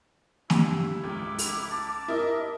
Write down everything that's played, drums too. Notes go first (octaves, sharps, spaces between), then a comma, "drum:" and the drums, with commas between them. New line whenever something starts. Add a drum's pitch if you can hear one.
G2 E4, drum: snare
C#2 D6
drum: open hi-hat
A5
E4 A#4 D#5